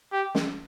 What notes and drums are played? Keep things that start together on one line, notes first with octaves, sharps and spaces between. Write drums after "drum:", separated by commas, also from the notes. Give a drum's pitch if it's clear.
G4
drum: snare